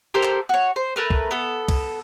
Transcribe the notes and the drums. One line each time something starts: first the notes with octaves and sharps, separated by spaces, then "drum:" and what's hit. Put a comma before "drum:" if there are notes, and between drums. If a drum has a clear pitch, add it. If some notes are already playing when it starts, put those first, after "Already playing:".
G4 A4 A#4 C5
drum: clap
F#4 C#5
C5
A3 A#4 B4
drum: kick
B3 A4
drum: kick, cymbal